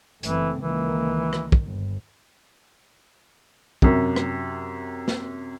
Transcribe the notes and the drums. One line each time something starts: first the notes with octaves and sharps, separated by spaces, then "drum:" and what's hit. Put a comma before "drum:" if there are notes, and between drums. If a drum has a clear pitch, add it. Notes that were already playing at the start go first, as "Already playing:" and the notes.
F#1 E3 A3 C4, drum: hi-hat
C#2 D#3 E3 A#3
drum: rim click
drum: kick
G1
F#2 C3, drum: kick
drum: rim click
drum: snare